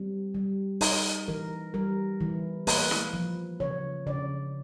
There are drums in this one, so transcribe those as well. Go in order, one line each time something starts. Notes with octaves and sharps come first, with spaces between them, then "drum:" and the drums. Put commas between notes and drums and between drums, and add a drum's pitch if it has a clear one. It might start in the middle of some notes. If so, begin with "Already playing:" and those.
Already playing: G3 C4
G3
D#4 D#5, drum: open hi-hat
E3 A#4
G3 A#4
E3
A#3 B4, drum: open hi-hat
drum: snare E4
F3
C#3 C#5
C#3 D5